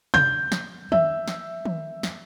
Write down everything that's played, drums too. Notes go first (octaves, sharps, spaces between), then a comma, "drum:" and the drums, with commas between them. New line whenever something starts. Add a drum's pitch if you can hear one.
G6, drum: tom C3
drum: snare
E5, drum: tom D#3
drum: snare
drum: tom D#3
drum: snare